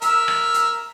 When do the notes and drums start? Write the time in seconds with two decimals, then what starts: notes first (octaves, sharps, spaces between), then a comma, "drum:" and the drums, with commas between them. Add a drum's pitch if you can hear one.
0.02 A#4 E5, drum: hi-hat
0.28 drum: rim click
0.54 drum: hi-hat